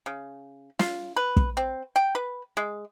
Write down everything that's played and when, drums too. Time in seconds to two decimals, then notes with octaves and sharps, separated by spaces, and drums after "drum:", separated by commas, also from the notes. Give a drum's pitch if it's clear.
0.06 C#3
0.79 F4, drum: snare
1.16 B4
1.37 drum: kick
1.57 C4
1.96 G5
2.15 B4
2.57 G#3